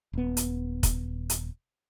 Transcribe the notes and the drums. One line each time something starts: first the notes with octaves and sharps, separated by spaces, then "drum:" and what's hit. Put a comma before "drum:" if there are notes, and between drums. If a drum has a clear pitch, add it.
D#1 B3
drum: hi-hat
drum: kick, hi-hat
drum: hi-hat